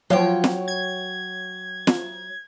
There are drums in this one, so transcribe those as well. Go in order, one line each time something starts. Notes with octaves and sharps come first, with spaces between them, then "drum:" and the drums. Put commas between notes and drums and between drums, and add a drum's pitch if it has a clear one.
F3 F#3 C#5 G5
drum: snare
G#6
drum: snare